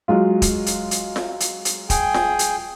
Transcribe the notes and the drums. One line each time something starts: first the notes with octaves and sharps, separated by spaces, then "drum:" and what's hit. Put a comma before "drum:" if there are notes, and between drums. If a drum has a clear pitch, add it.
F#3 G#3 F4
drum: kick, hi-hat
drum: hi-hat
drum: hi-hat
drum: snare F4
drum: hi-hat
drum: hi-hat
G#4 G5, drum: kick, hi-hat
drum: snare F4
drum: hi-hat